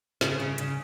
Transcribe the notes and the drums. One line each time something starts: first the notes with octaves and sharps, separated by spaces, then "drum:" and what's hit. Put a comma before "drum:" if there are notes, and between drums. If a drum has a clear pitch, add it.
C#3, drum: snare
C#3
C#3, drum: hi-hat